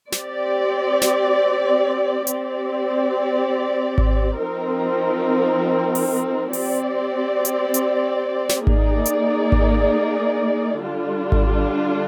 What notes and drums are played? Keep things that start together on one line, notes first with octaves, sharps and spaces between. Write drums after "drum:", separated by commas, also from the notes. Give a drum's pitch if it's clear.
C4 G4 D5, drum: snare
drum: snare
C4 G4 D5, drum: hi-hat
drum: kick G#1
F3 C4 D#4 A#4
drum: open hi-hat
C4 G4 D5, drum: open hi-hat
drum: hi-hat
drum: hi-hat
drum: snare
A#3 D#4 G#4 D5, drum: kick G#1
drum: hi-hat
drum: kick G#1
D3 G3 D4 F4
drum: kick G#1